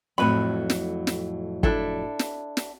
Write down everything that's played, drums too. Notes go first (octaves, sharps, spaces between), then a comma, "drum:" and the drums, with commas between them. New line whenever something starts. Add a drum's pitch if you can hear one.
F2 A2 F#3 B4 B5
drum: snare
drum: snare
D4 E4 A4, drum: kick
drum: snare
drum: snare